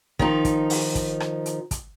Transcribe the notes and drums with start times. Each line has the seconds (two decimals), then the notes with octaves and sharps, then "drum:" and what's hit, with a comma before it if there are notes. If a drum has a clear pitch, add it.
0.19 D#3 F3 D#4, drum: kick
0.45 drum: kick, hi-hat
0.70 drum: open hi-hat
0.95 drum: kick, hi-hat
1.20 drum: rim click
1.46 drum: hi-hat
1.71 drum: kick, hi-hat